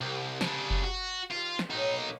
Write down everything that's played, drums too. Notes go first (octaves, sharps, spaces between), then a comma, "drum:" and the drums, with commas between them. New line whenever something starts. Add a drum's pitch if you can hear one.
C2 C3 G4 A#4
C#3 D4, drum: snare
drum: kick F#1
F#4
D#3 G3 F4
drum: snare
B1 A2 F#3 D#4 C#5
A#3 C#4 F#4